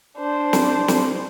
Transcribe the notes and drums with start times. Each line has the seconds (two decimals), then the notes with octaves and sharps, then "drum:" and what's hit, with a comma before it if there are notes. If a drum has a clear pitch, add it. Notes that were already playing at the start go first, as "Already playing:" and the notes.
0.18 D4 C5
0.53 drum: snare
0.88 drum: snare